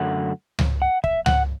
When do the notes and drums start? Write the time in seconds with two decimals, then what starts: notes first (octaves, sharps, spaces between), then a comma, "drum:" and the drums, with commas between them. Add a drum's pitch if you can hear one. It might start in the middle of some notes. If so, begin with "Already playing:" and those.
Already playing: F#2 D3 F#3 A3 F#5
0.59 drum: tom C#2
0.82 F#5
1.04 E5, drum: kick
1.26 F#5, drum: tom C#2